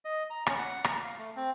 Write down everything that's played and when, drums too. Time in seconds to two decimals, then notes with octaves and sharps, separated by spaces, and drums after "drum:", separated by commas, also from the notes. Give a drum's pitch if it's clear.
0.05 D#5
0.30 A#5
0.47 C#4, drum: rim click
0.59 F#5
0.84 A#5, drum: rim click
1.04 F5
1.18 A3
1.36 C4